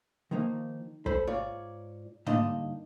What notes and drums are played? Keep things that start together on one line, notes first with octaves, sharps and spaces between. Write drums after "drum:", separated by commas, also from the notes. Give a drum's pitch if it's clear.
D#3 F3 A#3 D#4
A4 C5 B5, drum: kick
G#2 F4 C#5 D5
G2 D3 A#3 D4 D#4 D#5, drum: tom